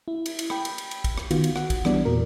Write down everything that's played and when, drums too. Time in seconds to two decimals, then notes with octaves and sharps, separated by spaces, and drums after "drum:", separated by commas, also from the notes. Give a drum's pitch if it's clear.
0.08 E4
0.26 drum: cymbal
0.39 drum: cymbal
0.50 G5 B5, drum: rim click
0.65 drum: cymbal
0.78 drum: cymbal
0.91 drum: cymbal
1.04 drum: kick, cymbal
1.18 drum: rim click
1.31 D#3 B3 F4 F#4, drum: cymbal
1.44 drum: cymbal
1.56 F#5, drum: rim click
1.70 drum: kick, cymbal
1.85 E3 G3 B3 D4 F#4 D5, drum: rim click
2.05 E2 A#2 F#4 A#4